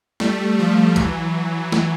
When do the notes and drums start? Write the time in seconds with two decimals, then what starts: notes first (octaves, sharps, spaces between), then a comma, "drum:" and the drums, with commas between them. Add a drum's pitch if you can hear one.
0.20 G3 A3, drum: snare
0.59 F3 G3
0.96 E3 F#3, drum: kick, hi-hat
1.72 drum: snare